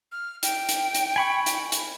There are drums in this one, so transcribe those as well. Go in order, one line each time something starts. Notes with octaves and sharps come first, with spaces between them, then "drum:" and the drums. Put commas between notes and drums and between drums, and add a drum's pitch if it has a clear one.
F6
G5, drum: hi-hat
drum: hi-hat
drum: hi-hat
G#5 B5 C#6
drum: hi-hat
drum: hi-hat